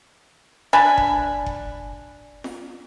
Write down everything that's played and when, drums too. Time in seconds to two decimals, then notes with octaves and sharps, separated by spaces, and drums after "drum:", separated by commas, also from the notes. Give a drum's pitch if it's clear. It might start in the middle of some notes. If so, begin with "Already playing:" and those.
0.73 D4 G#5 B5
0.98 drum: kick F#1
1.46 drum: kick F#1
2.44 drum: snare F4